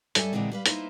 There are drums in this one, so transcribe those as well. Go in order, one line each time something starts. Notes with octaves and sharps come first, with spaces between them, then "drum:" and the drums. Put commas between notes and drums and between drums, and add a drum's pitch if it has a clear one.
G2 G3 A4 C#5 E5 G#5, drum: hi-hat
A#2 D3 E3 F3 G#3 C4
G3 B4 F5
A#3 D#4 E4 B4 C5, drum: hi-hat